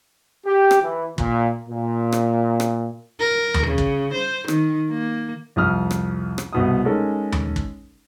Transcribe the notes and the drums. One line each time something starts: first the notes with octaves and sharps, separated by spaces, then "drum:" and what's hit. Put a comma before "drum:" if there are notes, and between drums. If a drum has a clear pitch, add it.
G4
drum: rim click
E3
A#2, drum: kick
A#2
drum: rim click
drum: rim click
A#4
drum: tom D#2
C#3
drum: kick
C5
D#3, drum: rim click
A#3
C2 F2 D#6 F6
drum: rim click
drum: rim click
C2 B2 D#6
G#3 C#4 D#4 A4 A#4
drum: tom D#2
drum: kick